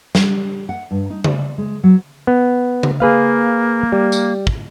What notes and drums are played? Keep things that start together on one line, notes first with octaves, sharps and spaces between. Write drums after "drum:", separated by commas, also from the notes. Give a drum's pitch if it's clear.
G3, drum: snare
F#5
G2
D#4
D5, drum: tom C#3
G#3
F#3
B3
drum: tom C#3
A#3 G#4 B4 F5
G3
drum: tambourine
drum: kick